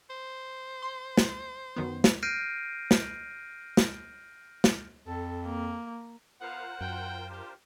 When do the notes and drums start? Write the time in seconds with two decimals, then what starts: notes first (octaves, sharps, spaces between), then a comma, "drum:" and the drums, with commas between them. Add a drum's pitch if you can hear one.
0.10 C5
0.82 C6
1.17 drum: snare
1.76 F#2 D#3 B3
2.04 drum: snare
2.23 F6 G6 A#6 C7 D7 D#7
2.91 drum: snare
3.77 drum: snare
4.64 drum: snare
5.07 F2 A4
5.45 A#3
6.41 B3 F4 A#4 C5 F5 F#5
6.81 F#2 G5
7.30 D4 G4